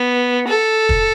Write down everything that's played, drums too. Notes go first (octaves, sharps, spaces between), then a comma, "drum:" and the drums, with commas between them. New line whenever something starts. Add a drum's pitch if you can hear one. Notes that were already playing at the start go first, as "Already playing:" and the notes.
Already playing: B3
A4
drum: kick